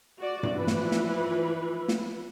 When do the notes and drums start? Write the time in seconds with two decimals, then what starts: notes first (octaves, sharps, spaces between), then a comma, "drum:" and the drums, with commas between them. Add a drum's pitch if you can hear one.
0.19 F#4 D5
0.43 drum: tom G2
0.55 E3 F3 B4
0.67 drum: snare
0.92 drum: snare
1.88 drum: snare